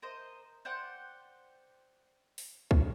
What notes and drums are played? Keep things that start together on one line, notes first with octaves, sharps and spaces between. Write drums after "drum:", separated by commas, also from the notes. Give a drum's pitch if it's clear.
A#4 C5 D#5
C5 D5 F#5 G5
drum: open hi-hat
drum: kick